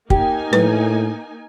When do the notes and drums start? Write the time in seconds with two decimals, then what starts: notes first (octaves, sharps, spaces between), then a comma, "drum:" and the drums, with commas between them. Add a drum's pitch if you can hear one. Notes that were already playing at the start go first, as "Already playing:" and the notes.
0.10 A#3 D#4 G4 G#5, drum: kick
0.53 A2 B4, drum: tom